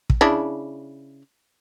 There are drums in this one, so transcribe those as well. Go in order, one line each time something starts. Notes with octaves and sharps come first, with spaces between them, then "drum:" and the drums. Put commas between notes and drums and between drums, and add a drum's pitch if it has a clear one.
drum: kick
C#3 D4 E4